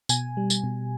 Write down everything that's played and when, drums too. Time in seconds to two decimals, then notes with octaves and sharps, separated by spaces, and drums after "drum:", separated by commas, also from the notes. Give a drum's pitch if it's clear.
0.09 B2 G#5, drum: tambourine
0.37 G3
0.50 drum: tambourine
0.64 B2